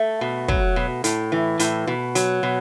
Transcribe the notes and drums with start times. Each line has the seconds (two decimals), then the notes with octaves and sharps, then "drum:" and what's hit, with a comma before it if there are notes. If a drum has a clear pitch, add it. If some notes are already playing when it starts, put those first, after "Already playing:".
Already playing: A3
0.21 B2
0.48 F#3, drum: kick
0.76 B2
1.04 A2, drum: hi-hat
1.32 E3
1.59 A2, drum: hi-hat
1.87 B2
2.15 F#3, drum: hi-hat
2.43 B2